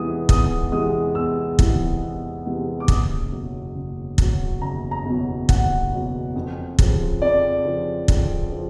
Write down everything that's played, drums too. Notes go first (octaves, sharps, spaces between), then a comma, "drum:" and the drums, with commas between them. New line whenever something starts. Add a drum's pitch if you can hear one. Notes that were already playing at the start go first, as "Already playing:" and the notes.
Already playing: E2 C3 E3 G#3 B3 D#6
E2 D#6, drum: kick
C3 E3 G#3 B3 D#6
E2 E6
C3 E3 G#3 B3, drum: kick
E2
C3 E3 G#3 B3
D6
F#1 D#6, drum: kick
E2 B2 F#3
F#1
E2 B2 F#3, drum: kick
F#1 A#5
A#5
E2 B2 F#3
F#1 F#5, drum: kick
E2 B2 F#3
F2
C#3 F3, drum: kick
F2 D5
C#3 F3
F2, drum: kick
C#3 F3